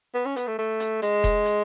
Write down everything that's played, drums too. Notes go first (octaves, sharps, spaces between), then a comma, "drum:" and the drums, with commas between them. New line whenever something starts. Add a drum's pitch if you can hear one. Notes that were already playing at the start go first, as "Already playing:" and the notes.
B3
C#4
B3, drum: hi-hat
A3
A3
drum: hi-hat
G#3, drum: hi-hat
drum: kick E1, hi-hat
drum: hi-hat